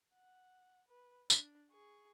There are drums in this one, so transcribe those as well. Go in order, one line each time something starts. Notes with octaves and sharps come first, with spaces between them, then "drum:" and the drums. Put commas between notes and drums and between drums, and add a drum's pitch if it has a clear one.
F#5
B4
D4, drum: tambourine
G#4 C#6